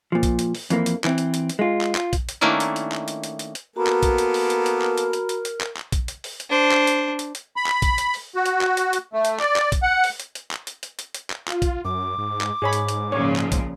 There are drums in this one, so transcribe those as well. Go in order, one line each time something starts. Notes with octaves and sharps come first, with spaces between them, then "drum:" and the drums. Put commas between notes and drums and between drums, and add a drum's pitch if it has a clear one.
A#2 F3
drum: kick A#1, hi-hat
drum: hi-hat
drum: open hi-hat
F2 E3 A#3, drum: hi-hat
drum: hi-hat
E3 C4, drum: clap
drum: hi-hat
drum: hi-hat
drum: hi-hat
G#3 F4
drum: clap
F4, drum: clap
drum: kick A#1, hi-hat
drum: hi-hat
D#3 A3 A#3 C#4 D4 E4
drum: hi-hat
drum: hi-hat
drum: clap
drum: hi-hat
drum: hi-hat
drum: hi-hat
drum: hi-hat
A#3 B3 F#4 A4 A#4 A#5 B5
drum: clap
drum: kick A#1, hi-hat
drum: hi-hat
drum: open hi-hat
drum: hi-hat
drum: hi-hat
drum: clap
drum: hi-hat
drum: hi-hat
drum: hi-hat
drum: hi-hat
drum: clap
drum: clap
drum: kick A#1, hi-hat
drum: hi-hat
drum: open hi-hat
drum: hi-hat
D4 C5
drum: clap
drum: hi-hat
drum: hi-hat
drum: hi-hat
B5
drum: clap
drum: kick A#1, hi-hat
drum: hi-hat
drum: open hi-hat
F#4
drum: hi-hat
drum: clap
drum: hi-hat
drum: hi-hat
A3
drum: hi-hat
D5, drum: clap
drum: clap
drum: kick A#1, hi-hat
F#5
drum: open hi-hat
drum: hi-hat
drum: hi-hat
drum: clap
drum: hi-hat
drum: hi-hat
drum: hi-hat
drum: hi-hat
drum: clap
F4, drum: clap
drum: kick A#1, hi-hat
F#2 D6
G#2
drum: clap
G#2 G#4 C#5 B5
drum: hi-hat
drum: hi-hat
A#2 C#3 F3 C#5
drum: clap
drum: kick A#1, hi-hat